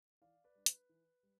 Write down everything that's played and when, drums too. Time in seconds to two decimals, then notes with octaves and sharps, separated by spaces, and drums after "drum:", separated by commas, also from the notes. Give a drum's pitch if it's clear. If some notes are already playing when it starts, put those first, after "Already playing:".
0.22 E3 D5 F5
0.44 B4 D5
0.55 G3 D4
0.66 B4, drum: hi-hat
0.89 E3
1.23 G3